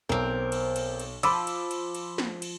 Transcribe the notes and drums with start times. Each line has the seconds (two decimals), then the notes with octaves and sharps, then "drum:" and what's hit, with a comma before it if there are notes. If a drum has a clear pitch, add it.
0.09 B1 C4 A#4
0.52 drum: cymbal
0.76 drum: cymbal
1.00 drum: cymbal
1.23 F3 B5 D6 E6, drum: cymbal
1.47 drum: cymbal
1.71 drum: cymbal
1.95 drum: cymbal
2.18 drum: snare
2.42 drum: cymbal